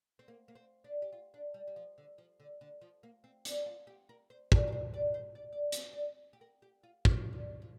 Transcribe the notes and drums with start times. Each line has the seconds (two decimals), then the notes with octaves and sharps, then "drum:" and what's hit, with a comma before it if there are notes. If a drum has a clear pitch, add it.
0.19 C4
0.28 A#3
0.48 A#3
0.55 C4
0.84 D4
1.02 G4
1.13 F4
1.34 D4
1.54 G3
1.67 G3
1.76 F3
1.98 D3
2.18 F3
2.40 D3
2.61 D3
2.81 F3
3.03 A#3
3.24 C4
3.45 D4, drum: hi-hat
3.66 F4
3.87 G4
4.09 A#4
4.30 C5
4.52 D5, drum: kick
4.68 D5
4.72 C5
4.94 D5
5.14 C5
5.35 D5
5.53 D5
5.72 drum: hi-hat
5.93 D5
6.33 G4
6.41 A#4
6.62 G4
6.83 F4
7.05 F3, drum: kick
7.33 D3
7.62 F3